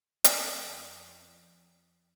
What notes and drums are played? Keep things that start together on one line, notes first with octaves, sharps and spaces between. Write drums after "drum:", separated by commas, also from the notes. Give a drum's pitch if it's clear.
F2 D5 F#5, drum: hi-hat